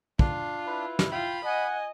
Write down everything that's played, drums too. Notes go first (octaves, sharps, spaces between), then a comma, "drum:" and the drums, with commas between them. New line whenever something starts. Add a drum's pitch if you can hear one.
D4 F4, drum: kick
E4 B4
drum: snare
F4 G5 B5
D#5 F#5 G#5